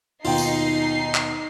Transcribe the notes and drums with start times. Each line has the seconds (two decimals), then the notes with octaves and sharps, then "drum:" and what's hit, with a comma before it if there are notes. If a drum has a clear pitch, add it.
0.25 D#2 B2 D#4 F4 G5 C7, drum: open hi-hat
0.38 drum: tambourine
1.15 drum: clap